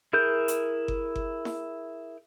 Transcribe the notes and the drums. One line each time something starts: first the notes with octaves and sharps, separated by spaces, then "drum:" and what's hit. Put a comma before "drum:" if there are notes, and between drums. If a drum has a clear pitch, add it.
E4 G#4 A#4 G6
drum: hi-hat
drum: kick G1
drum: kick G1
drum: snare E4